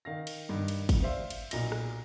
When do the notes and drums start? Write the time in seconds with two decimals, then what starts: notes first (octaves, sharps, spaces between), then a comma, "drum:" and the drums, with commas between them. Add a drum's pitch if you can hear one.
0.05 D#3 F5 A#6
0.27 drum: cymbal
0.49 G2 D#3
0.68 drum: cymbal
0.89 drum: kick, cymbal
1.03 C5 D5 E5 F5
1.30 drum: cymbal
1.51 B1 A#2 D#5 A#6, drum: cymbal
1.72 drum: rim click